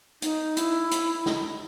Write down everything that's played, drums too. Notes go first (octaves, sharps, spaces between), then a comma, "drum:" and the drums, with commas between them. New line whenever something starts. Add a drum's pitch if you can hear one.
D#4, drum: hi-hat
E4, drum: hi-hat
drum: hi-hat
drum: snare